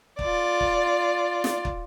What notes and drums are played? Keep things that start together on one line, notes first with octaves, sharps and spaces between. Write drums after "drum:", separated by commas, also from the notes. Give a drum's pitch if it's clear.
F4 D5, drum: kick
drum: kick
drum: snare
drum: kick